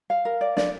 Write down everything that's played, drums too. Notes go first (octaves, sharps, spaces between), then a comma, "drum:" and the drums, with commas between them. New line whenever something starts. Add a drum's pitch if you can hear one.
F5
A#4
D5
D5, drum: snare